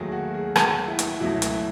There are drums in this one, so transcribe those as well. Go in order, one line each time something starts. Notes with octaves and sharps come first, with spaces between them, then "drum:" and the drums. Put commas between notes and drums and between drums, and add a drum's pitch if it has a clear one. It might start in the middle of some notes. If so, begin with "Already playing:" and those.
Already playing: D#2 D#3 F#3 A3 G#4
F#4
G#4
F#4, drum: rim click
E4
drum: hi-hat
C#2 B2 F#3 A3 E4
drum: hi-hat